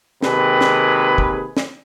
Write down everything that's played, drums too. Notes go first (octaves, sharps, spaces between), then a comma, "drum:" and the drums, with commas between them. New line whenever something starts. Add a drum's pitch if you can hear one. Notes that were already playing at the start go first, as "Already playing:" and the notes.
D#2 C3 D#3 G#3 G#4 B4, drum: snare
drum: snare
drum: kick
drum: snare